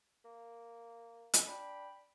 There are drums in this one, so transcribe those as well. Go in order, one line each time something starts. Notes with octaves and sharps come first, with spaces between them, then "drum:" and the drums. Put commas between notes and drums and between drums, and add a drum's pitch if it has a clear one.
A#3
drum: hi-hat
D4 G5 B5